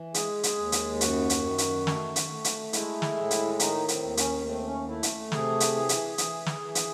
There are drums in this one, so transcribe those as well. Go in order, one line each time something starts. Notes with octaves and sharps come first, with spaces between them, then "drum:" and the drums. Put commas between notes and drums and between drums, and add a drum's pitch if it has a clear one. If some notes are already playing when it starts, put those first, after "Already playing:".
Already playing: E3
G#3 G#4, drum: hi-hat
drum: hi-hat
D#2
drum: hi-hat
F#2 F#4, drum: hi-hat
drum: hi-hat
D#3
drum: hi-hat
A3, drum: snare
drum: hi-hat
A3
drum: hi-hat
G#3 E4, drum: hi-hat
drum: snare
A2
drum: hi-hat
D#3 D#4, drum: hi-hat
C4, drum: hi-hat
D#2
C#4, drum: hi-hat
A3 C4
C#4
A3 E4
drum: hi-hat
C3 G#4, drum: snare
drum: hi-hat
E3
drum: hi-hat
E3, drum: hi-hat
drum: snare
E3
drum: hi-hat